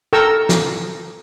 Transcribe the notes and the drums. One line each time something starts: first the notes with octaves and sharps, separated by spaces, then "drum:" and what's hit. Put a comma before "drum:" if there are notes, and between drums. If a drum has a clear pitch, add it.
A4 A#4 G5 A#5 C#6 E6
drum: snare